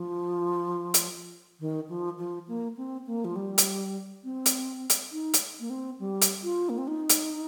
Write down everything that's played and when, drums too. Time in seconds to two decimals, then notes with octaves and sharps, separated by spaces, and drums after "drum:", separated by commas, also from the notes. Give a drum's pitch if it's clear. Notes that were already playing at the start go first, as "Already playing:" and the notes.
Already playing: F3
0.94 drum: hi-hat
1.60 D#3
1.89 F3
2.18 F3
2.48 A#3
2.77 C4
3.07 A#3
3.25 F3
3.36 G3
3.58 drum: hi-hat
4.24 C4
4.46 drum: hi-hat
4.90 drum: hi-hat
5.12 D#4
5.34 drum: hi-hat
5.60 A#3
5.70 C4
6.00 G3
6.21 drum: hi-hat
6.44 F4
6.69 A#3
6.78 C4
6.88 D#4
7.09 drum: hi-hat